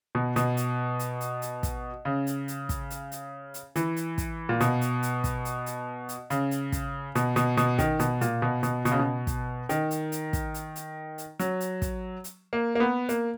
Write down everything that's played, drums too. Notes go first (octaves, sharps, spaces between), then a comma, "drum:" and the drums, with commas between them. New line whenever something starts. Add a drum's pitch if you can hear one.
B2
B2, drum: hi-hat
drum: hi-hat
drum: hi-hat
drum: hi-hat
drum: hi-hat
drum: kick, hi-hat
C#3
drum: hi-hat
drum: hi-hat
drum: kick, hi-hat
drum: hi-hat
drum: hi-hat
drum: hi-hat
E3, drum: hi-hat
drum: hi-hat
drum: kick, hi-hat
A#2
B2, drum: hi-hat
drum: hi-hat
drum: hi-hat
drum: kick, hi-hat
drum: hi-hat
drum: hi-hat
drum: hi-hat
C#3, drum: hi-hat
drum: hi-hat
drum: kick, hi-hat
B2, drum: hi-hat
B2, drum: hi-hat
B2, drum: hi-hat
D#3, drum: kick, hi-hat
B2, drum: hi-hat
A#2, drum: hi-hat
B2
B2, drum: hi-hat
B2, drum: hi-hat
C#3
B2
drum: kick, hi-hat
D#3, drum: hi-hat
drum: hi-hat
drum: hi-hat
drum: kick, hi-hat
drum: hi-hat
drum: hi-hat
drum: hi-hat
F#3, drum: hi-hat
drum: hi-hat
drum: kick, hi-hat
drum: hi-hat
A#3
A#3
B3
A#3, drum: hi-hat